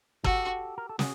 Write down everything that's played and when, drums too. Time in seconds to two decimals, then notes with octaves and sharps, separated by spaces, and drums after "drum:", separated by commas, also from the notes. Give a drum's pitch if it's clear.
0.24 F#4 G4 A4, drum: kick
0.78 A#4
0.89 A4
0.99 F#4 G#4, drum: snare